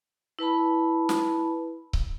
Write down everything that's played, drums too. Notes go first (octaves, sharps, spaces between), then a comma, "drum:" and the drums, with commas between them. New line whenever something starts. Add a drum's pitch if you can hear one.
E4 B4 A5 B5
drum: snare
drum: kick C#1